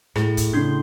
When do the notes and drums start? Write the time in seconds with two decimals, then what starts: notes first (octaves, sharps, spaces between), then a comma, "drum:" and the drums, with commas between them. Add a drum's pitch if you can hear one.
0.16 A2 G#4, drum: rim click
0.37 drum: kick, hi-hat
0.53 C#3 D4 C6 G6